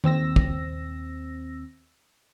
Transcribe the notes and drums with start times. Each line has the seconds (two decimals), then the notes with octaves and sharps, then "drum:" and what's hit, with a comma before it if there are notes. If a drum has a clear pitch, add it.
0.04 D#2 C4 E6 A#6, drum: tom D#3
0.36 drum: kick